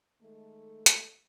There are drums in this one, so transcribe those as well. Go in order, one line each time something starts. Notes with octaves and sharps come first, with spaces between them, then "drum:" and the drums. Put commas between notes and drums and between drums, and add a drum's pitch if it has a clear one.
D#3 G#3 A3
drum: hi-hat